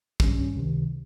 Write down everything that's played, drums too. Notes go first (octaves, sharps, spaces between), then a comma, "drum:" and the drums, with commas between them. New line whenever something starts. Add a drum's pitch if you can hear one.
G#1 G2 G3 C#4, drum: kick
C#2 C3 D#3